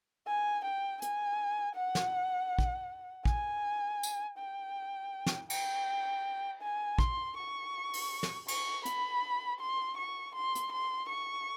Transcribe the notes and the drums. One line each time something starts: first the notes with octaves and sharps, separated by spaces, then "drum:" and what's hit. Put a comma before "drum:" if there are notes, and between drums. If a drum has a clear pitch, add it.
G#5
G5
G#5, drum: hi-hat
F#5
drum: snare
drum: kick
G#5, drum: kick
drum: tambourine
G5
drum: snare
G5, drum: cymbal
G#5
C6, drum: kick
C#6
drum: open hi-hat
drum: snare
C#6, drum: cymbal
B5, drum: hi-hat
C6
C#6
C6
drum: hi-hat
C6
C#6